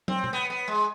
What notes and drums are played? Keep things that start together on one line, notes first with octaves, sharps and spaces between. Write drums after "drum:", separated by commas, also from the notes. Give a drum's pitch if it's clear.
C4, drum: tom
drum: tom
B3
B3
G#3